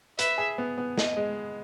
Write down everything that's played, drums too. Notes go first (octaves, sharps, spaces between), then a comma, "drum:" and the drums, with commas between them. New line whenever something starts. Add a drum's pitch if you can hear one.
B4 E5, drum: hi-hat
G#4
B3
B3
D#5, drum: snare
G#3